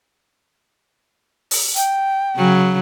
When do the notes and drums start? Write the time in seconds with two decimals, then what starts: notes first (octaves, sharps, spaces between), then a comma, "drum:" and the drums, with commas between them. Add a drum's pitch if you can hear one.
1.51 drum: open hi-hat
1.76 G5, drum: hi-hat
2.38 C#3 F#3